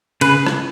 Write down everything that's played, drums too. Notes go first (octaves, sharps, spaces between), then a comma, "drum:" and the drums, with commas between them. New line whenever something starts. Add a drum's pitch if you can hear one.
C#3 B4, drum: cymbal
drum: rim click